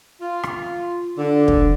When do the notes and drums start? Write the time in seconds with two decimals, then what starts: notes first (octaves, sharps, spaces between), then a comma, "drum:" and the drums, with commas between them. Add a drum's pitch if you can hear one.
0.21 F4
0.43 drum: rim click
1.18 D3
1.48 drum: kick